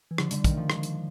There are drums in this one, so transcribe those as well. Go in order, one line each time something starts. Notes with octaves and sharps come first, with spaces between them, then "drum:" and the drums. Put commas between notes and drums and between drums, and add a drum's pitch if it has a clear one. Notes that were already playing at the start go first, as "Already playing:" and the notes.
E3
D3 F3, drum: rim click
D3 G3 G#3, drum: hi-hat
D#3, drum: kick, hi-hat
F3 A3
G#3, drum: rim click
drum: hi-hat